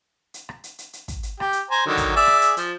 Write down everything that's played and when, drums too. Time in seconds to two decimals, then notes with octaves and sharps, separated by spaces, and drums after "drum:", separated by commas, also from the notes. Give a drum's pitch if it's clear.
0.34 drum: hi-hat
0.49 drum: rim click
0.64 drum: hi-hat
0.78 drum: hi-hat
0.93 drum: hi-hat
1.08 drum: kick, hi-hat
1.23 drum: hi-hat
1.40 G4, drum: rim click
1.53 drum: hi-hat
1.71 C5 G#5 A#5
1.86 D3 D#3 F#3
1.97 drum: kick, hi-hat
2.16 G#4 D5 E5
2.27 drum: rim click
2.42 drum: hi-hat
2.57 F3, drum: hi-hat